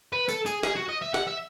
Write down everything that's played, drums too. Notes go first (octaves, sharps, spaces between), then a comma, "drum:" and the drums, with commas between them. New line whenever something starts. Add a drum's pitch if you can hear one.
B4
A4, drum: tambourine
G#4, drum: tambourine
G#4, drum: snare
F#4
D#5
E5
F#5, drum: snare
E5